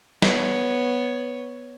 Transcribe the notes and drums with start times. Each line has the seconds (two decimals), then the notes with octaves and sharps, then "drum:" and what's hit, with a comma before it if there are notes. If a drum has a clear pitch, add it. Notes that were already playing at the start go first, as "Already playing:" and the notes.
0.22 B3 C#5, drum: snare